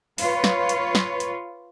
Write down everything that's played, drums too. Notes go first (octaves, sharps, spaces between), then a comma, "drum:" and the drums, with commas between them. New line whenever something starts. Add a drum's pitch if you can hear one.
F4 B4 C#5, drum: open hi-hat
drum: snare
drum: hi-hat
drum: snare
drum: hi-hat